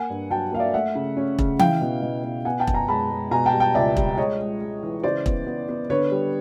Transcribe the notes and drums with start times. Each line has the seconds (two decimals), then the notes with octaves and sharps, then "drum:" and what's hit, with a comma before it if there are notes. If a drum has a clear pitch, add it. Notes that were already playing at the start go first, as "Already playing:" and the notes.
Already playing: A#3 F#5 G#5
0.10 G2
0.30 F#3 G5 A5
0.52 A#3 F5
0.59 D5 E5
0.73 A3 E5 F#5
0.95 C#3
1.17 C#4
1.39 C#3, drum: kick E1
1.59 E4 F5 G5, drum: tom E3
1.81 B2
2.02 B2
2.24 B2
2.45 B3 F#5 G#5
2.60 G5 A5
2.67 F#2, drum: kick E1
2.74 G#5 A#5
2.88 G#3 A5 B5
3.11 G#3
3.31 B2 G#5 A#5
3.46 G5 A5
3.53 G3
3.60 G5 A5
3.75 C#2 D5 E5
3.97 G3, drum: kick E1
4.18 G#3 C#5 D#5
4.39 G#3
4.61 G#3
4.83 E3
5.03 C#3 C5 D5
5.26 B3, drum: kick E1
5.46 B3
5.69 B3
5.90 D3 B4 C#5
6.11 G3